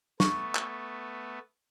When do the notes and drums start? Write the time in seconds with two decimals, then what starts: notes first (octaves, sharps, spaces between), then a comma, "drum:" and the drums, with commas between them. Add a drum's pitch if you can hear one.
0.20 A3 B3 C#6, drum: snare
0.55 drum: clap